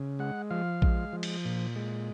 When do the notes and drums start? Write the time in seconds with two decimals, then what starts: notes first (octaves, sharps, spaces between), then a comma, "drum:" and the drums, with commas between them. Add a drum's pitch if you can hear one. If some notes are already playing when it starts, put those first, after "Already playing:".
Already playing: C#3
0.19 G#3 F#5
0.50 F3 F5
0.82 G#3, drum: kick A#1
1.13 F3
1.23 drum: cymbal
1.45 A#2
1.76 G#3